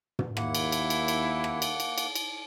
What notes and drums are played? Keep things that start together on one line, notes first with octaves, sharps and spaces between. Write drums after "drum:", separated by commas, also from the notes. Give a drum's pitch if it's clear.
drum: tom
D#2 A#3 E4 F#5, drum: rim click
drum: cymbal
drum: cymbal
drum: cymbal
drum: cymbal
drum: rim click
drum: cymbal
drum: cymbal
drum: cymbal
drum: cymbal